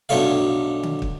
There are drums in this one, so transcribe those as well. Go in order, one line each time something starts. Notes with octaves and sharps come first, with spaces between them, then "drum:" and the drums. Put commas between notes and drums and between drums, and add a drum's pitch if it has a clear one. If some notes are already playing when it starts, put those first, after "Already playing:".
B1 G2 F#3 A3 A4 F5
drum: tom D3
drum: kick